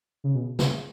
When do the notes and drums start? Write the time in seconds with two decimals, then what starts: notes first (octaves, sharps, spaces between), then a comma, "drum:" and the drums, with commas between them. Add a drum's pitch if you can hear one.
0.24 C#3
0.35 B2
0.59 C#3, drum: snare